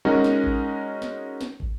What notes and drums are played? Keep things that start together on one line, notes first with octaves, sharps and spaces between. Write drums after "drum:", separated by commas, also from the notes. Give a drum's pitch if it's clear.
G#3 C#4 D#4 F#4 A#4
drum: snare
drum: kick
drum: snare
drum: snare
drum: kick